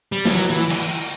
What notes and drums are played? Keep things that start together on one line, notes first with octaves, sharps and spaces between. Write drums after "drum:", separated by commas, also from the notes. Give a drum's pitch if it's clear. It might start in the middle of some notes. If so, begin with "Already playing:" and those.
G3
E3, drum: snare
F#3
E3
drum: cymbal